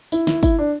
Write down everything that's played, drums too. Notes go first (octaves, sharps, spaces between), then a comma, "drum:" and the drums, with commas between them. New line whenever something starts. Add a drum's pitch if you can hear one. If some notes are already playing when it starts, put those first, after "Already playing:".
E4, drum: tambourine
E4, drum: snare
E4, drum: kick, tambourine
D4